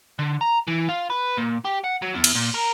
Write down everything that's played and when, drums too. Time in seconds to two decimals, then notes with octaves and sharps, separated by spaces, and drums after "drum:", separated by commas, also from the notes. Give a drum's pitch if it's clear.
0.19 D3
0.41 A#5
0.68 E3
0.89 F4
1.10 B4
1.38 A#2
1.65 G4
1.84 F#5
2.02 F#3
2.14 E2
2.24 drum: cymbal
2.35 A#2
2.55 A#4